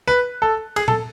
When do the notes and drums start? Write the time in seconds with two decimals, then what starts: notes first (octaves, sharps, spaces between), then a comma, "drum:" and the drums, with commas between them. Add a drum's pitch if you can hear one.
0.08 B4
0.42 A4
0.76 G#4, drum: cymbal
0.88 A4, drum: tom A#2